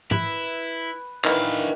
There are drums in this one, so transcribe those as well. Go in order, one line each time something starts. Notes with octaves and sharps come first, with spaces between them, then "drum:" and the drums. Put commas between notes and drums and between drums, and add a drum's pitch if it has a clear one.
E4 B4, drum: tom G#2
D#3 E3 D4 B4 F5, drum: clap